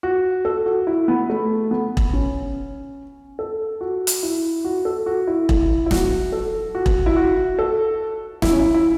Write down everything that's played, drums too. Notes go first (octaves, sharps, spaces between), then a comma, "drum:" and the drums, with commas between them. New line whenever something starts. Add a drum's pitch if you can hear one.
F#4
A4
F#4
E4
B3
A3
B3
drum: kick E1
C#4
A4
F#4
drum: hi-hat
E4
F#4
A4
F#4
E4
E4, drum: kick E1
E4
F#4, drum: snare
A4
F#4
drum: kick E1
E4
F#4
A4
E4, drum: snare
C#4
E4
E4